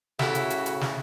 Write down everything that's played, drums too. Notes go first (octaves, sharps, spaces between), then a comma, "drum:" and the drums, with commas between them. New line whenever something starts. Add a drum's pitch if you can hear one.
A2 C#3 E4 F#4 G4 A4, drum: snare
drum: hi-hat
drum: hi-hat
drum: hi-hat
drum: snare